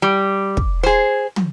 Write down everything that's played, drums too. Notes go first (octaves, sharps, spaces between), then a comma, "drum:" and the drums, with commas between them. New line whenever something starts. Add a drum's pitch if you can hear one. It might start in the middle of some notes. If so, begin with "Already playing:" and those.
G3
drum: kick
G#4 C5
drum: tom